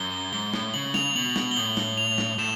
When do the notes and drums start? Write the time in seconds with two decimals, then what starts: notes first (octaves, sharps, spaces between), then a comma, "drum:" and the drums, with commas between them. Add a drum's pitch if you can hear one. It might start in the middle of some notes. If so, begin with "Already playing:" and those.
Already playing: F#2 G7
0.33 G#2 G7
0.54 A2, drum: snare
0.74 C#3 F#7
0.94 F7, drum: snare
1.16 B2 F#7
1.36 drum: snare
1.51 G7
1.56 A2 F#7
1.77 drum: snare
1.97 F7
2.18 drum: snare
2.38 A2 E7